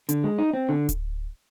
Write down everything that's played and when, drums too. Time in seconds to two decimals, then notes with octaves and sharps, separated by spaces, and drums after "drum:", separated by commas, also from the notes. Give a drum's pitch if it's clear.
0.09 D3, drum: hi-hat
0.24 G#3
0.39 D#4
0.53 C4
0.69 D3
0.89 drum: kick D1, hi-hat